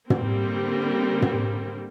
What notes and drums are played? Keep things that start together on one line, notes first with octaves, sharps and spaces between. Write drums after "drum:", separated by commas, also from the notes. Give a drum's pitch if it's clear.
D3 G3 A#3 C4, drum: tom
drum: tom